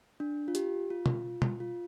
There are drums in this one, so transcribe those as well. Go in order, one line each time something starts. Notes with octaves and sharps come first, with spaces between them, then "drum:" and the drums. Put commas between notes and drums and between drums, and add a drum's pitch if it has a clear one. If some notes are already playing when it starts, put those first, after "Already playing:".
D4
F4
G4, drum: hi-hat
F4
drum: tom B2
drum: tom B2
F4